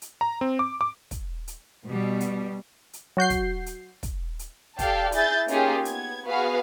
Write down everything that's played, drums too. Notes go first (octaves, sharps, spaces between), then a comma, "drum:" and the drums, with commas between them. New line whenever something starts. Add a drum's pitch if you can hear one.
drum: hi-hat
A#5
C4
D6
D6
drum: kick, hi-hat
drum: hi-hat
B2 G3
drum: hi-hat
drum: hi-hat
F#3 F#4 G6 C7
drum: kick, hi-hat
drum: hi-hat
drum: kick, hi-hat
drum: hi-hat
G4 A4 D5 F5 G5 A5, drum: kick, hi-hat
E4 G#4 E5 G6 A6, drum: hi-hat
A#3 C#4 D#4 F4 G4 G#4, drum: hi-hat
B3 G#6, drum: hi-hat
B3 F#4 G#4 B4 F5